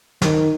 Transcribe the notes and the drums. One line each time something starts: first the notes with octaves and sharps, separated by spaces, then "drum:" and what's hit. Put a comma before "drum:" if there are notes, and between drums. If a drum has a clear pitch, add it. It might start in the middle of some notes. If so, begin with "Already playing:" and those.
D#3, drum: snare